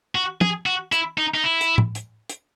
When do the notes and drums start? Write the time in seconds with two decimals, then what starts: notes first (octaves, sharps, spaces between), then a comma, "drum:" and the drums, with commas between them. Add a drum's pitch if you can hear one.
0.15 F#4
0.41 G#4, drum: tom
0.66 F#4
0.92 E4, drum: hi-hat
1.18 D#4
1.34 D#4
1.44 E4
1.61 drum: hi-hat
1.78 drum: tom A2
1.95 drum: hi-hat
2.29 drum: hi-hat